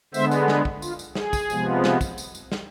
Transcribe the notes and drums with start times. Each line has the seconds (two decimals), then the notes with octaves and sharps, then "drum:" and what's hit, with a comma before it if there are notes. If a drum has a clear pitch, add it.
0.14 D3 G#3 B3 C5 E5, drum: tambourine
0.31 drum: tambourine
0.48 G#4, drum: snare
0.65 drum: kick
0.82 F4, drum: tambourine
0.99 drum: tambourine
1.15 G#4, drum: snare
1.33 drum: kick, tambourine
1.50 C3 F3 G#3 B3, drum: tambourine
1.84 drum: snare
2.01 drum: kick, tambourine
2.18 drum: tambourine
2.35 drum: tambourine
2.52 drum: snare